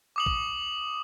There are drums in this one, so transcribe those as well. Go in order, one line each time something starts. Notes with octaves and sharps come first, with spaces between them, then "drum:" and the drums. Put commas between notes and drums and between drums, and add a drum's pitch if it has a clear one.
D6 D#6 F#7
drum: kick